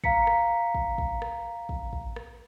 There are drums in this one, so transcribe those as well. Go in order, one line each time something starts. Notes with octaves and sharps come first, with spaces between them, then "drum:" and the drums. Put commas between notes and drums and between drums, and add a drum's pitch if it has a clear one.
F5 A#5 B6 C#7, drum: kick
drum: rim click
drum: kick
drum: kick
drum: rim click
drum: kick
drum: kick
drum: rim click